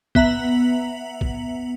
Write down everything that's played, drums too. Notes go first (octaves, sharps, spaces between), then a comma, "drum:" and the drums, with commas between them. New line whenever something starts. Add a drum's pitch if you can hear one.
B3 E5 A#5 F#7, drum: kick
drum: kick